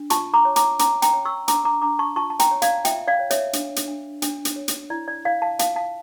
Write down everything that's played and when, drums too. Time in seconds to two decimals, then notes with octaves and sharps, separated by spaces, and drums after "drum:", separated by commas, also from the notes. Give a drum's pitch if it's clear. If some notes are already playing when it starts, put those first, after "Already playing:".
Already playing: D4
0.10 F4 A5 C#6, drum: hi-hat
0.34 A#5 D6
0.45 C#5
0.56 A#5 D6, drum: hi-hat
0.79 C#4 A#5 D6, drum: hi-hat
1.02 G5 A#5, drum: hi-hat
1.13 C#5
1.25 C#6 E6
1.48 D4 A#5 D6, drum: hi-hat
1.65 A#5 D6
1.82 D4 A#5 D6
1.99 A5 C#6
2.16 F4 A5 C#6
2.30 A5
2.39 G5 A#5, drum: hi-hat
2.51 C#5
2.62 D5 F5, drum: hi-hat
2.85 F4 E5 G5, drum: hi-hat
3.08 D5 F5
3.19 C#5
3.30 C#5 E5, drum: hi-hat
3.53 D4, drum: hi-hat
3.76 drum: hi-hat
3.87 D4
4.22 D4, drum: hi-hat
4.45 drum: hi-hat
4.56 C#5
4.68 drum: hi-hat
4.90 E4 D5
5.08 D5
5.25 E4 D5 F5
5.42 F5 A5
5.59 F4 F5 A5, drum: hi-hat
5.76 F5 A5